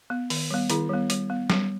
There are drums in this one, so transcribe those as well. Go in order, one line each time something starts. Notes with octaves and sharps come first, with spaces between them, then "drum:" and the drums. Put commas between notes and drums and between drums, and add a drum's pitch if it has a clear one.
B3
D#3, drum: open hi-hat
G3 B3
D#3 E4 G#4, drum: hi-hat
G3 B3
G3, drum: hi-hat
B3
G3, drum: snare